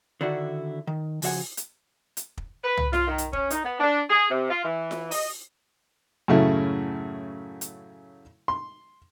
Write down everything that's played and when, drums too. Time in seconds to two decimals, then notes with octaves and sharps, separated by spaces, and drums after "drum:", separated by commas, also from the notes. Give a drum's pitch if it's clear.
0.21 D3 D#3 D4 E4 F#4
0.87 D#3
1.22 C#3 F3 F#4 E5 F#5 G#5, drum: open hi-hat
1.57 drum: hi-hat
2.17 drum: hi-hat
2.37 drum: kick
2.64 B4
2.77 drum: tom C2
2.93 F4, drum: snare F4
3.08 D#3
3.18 drum: hi-hat
3.33 C#4, drum: kick
3.50 D#4, drum: hi-hat
3.64 B3
3.79 D4
4.10 G#4
4.30 C3
4.50 F4
4.64 E3
4.91 drum: snare F4
5.11 D#5, drum: open hi-hat
6.28 F#2 A2 C#3 A3 E4
7.61 drum: hi-hat
8.48 C6